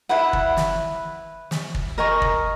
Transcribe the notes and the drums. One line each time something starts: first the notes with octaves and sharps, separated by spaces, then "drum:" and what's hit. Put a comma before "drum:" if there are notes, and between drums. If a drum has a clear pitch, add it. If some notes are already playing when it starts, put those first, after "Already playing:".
E4 B4 F#5
drum: kick
drum: snare
drum: snare
drum: kick
A#4 D#5 G#5 C#6
drum: kick